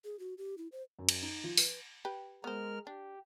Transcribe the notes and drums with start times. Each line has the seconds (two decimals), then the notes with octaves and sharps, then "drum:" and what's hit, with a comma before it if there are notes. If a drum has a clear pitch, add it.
0.04 G#4
0.19 F#4
0.38 G4
0.58 E4
0.72 C5
0.99 F#2
1.09 drum: cymbal
1.22 D#4
1.44 F3
1.57 B4, drum: open hi-hat
2.05 G4 B4
2.44 G#3 B3 A#4 C5 F6
2.87 D4 G4